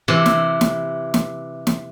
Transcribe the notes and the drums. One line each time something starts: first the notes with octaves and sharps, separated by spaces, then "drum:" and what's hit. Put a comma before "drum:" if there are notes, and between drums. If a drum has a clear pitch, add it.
C3 E3
drum: snare
drum: snare
drum: snare
drum: snare